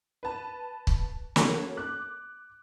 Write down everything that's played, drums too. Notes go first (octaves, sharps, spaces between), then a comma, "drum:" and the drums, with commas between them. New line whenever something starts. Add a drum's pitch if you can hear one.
B4 A5
drum: kick
A#3 C#4 F#4 A4, drum: snare
D6 F#6